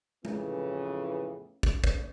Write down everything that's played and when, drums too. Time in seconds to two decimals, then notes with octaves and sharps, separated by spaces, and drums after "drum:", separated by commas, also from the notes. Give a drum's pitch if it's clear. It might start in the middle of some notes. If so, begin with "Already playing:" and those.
0.25 F2 A2 C#3 E3 B3, drum: tom G#3
1.63 drum: kick
1.84 drum: kick